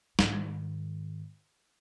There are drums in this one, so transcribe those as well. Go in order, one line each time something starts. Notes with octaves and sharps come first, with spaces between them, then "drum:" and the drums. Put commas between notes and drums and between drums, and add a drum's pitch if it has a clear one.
G#2 D#3, drum: snare